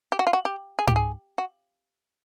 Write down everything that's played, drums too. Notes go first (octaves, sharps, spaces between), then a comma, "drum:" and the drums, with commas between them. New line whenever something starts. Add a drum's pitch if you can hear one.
G4
F#4
F4
F#4
G4
G#4
G4, drum: tom G#2
G#4
F#4